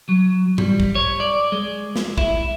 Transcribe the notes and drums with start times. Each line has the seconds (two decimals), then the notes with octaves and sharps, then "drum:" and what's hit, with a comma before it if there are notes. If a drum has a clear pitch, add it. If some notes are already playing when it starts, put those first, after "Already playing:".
0.09 F#3
0.58 G3, drum: tom G2
0.80 drum: kick
0.95 C#5
1.20 D5
1.52 G#3
1.96 drum: snare
2.18 E4, drum: kick